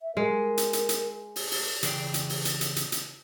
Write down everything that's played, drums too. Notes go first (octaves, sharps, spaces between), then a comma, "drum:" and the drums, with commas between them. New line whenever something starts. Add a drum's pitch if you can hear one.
E5
G#3 A#4
drum: hi-hat
drum: hi-hat
drum: hi-hat
drum: open hi-hat
drum: open hi-hat
C#3 E3 G#4 B4 D5 G5, drum: hi-hat
drum: hi-hat
drum: open hi-hat
drum: hi-hat
drum: hi-hat
drum: hi-hat
drum: hi-hat